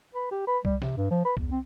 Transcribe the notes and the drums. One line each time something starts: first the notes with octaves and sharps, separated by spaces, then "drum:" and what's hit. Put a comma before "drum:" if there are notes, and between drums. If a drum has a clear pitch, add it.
B4
G4
B4
G3, drum: kick C2
C3, drum: snare
G2
F3
B4
E2, drum: kick C2
C4